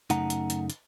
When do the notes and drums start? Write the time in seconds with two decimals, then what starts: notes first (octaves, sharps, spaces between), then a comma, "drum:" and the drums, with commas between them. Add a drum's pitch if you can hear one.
0.10 F#2 C#3 A3 D#4 F#5 A#5, drum: hi-hat
0.30 drum: hi-hat
0.50 drum: hi-hat
0.70 drum: hi-hat